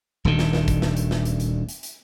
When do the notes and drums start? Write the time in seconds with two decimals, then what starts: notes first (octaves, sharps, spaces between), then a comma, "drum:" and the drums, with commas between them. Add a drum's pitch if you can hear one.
0.25 D#1 D2 D#3
0.39 drum: snare
0.53 drum: snare
0.68 drum: kick, hi-hat
0.82 drum: snare
0.97 drum: hi-hat
1.11 drum: snare
1.25 drum: hi-hat
1.40 drum: hi-hat
1.69 drum: hi-hat
1.83 drum: hi-hat